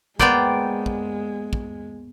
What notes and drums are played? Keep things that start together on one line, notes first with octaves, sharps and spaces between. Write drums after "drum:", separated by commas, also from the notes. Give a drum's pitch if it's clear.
G#3 A#3 B3 C5 D5 G5, drum: kick
drum: kick
drum: kick